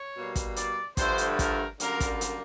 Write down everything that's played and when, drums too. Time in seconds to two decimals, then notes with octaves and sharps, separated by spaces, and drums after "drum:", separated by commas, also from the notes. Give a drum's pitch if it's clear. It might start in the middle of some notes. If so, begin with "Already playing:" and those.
Already playing: C#5
0.15 B2 G3 A#3
0.36 drum: kick, hi-hat
0.56 D5, drum: hi-hat
0.97 G2 D3 F3 A3 C5, drum: kick, hi-hat
1.18 drum: hi-hat
1.39 A#4, drum: kick, hi-hat
1.80 F#2 D3 G3 A#3 A#4, drum: hi-hat
2.00 drum: kick, hi-hat
2.21 drum: hi-hat